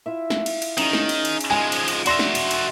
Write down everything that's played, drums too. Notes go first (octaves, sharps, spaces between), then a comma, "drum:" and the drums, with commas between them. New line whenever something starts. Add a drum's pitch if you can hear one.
E4 F4 E5
drum: snare
drum: cymbal
drum: cymbal
D#3 C#4 D#4 G#4, drum: cymbal
drum: snare
drum: cymbal
drum: cymbal
drum: cymbal
F3 G#3 G#5 B5
drum: cymbal
drum: cymbal
F#4 D5 E5 C6 A#6, drum: cymbal
drum: snare
drum: cymbal
drum: cymbal